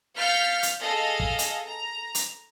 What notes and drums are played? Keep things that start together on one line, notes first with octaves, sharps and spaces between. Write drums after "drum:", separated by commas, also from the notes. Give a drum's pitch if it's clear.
F5 F6 G6 A6 B6 C#7
drum: hi-hat
G#4 A4 D#5 F5
drum: kick
drum: hi-hat
A#5
drum: hi-hat